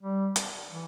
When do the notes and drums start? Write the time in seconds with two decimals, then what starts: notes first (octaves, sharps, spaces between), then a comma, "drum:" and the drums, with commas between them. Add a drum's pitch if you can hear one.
0.03 G3
0.36 drum: hi-hat
0.69 E3